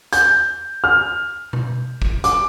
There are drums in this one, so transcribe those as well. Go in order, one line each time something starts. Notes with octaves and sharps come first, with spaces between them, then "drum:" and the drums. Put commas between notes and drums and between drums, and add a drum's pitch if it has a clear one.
G6, drum: hi-hat
F6
drum: tom B2
drum: kick
D6, drum: hi-hat